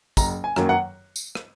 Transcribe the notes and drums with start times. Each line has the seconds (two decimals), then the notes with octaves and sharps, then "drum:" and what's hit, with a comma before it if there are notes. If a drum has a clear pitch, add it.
0.17 F#1 A#5, drum: kick, tambourine
0.44 G#5
0.56 F#2 D#3 F#3 A#3, drum: rim click
0.69 F#5
1.16 drum: tambourine
1.35 drum: rim click